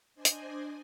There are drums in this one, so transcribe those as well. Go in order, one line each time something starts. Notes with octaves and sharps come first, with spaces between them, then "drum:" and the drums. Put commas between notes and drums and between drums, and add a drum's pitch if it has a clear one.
D4 C5 D5 D#5 G#5
drum: hi-hat